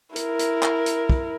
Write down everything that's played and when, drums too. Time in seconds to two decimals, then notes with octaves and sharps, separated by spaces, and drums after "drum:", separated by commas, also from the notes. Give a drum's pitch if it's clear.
0.16 E4 A#4, drum: hi-hat
0.39 drum: hi-hat
0.63 drum: clap
0.86 drum: hi-hat
1.10 drum: kick